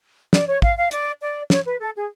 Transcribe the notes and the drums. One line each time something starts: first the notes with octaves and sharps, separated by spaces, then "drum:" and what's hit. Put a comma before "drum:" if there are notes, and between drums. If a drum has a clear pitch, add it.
D5, drum: snare
C#5
F5, drum: kick
F5
D5, drum: hi-hat
D5
C#5, drum: snare
B4
A4
G#4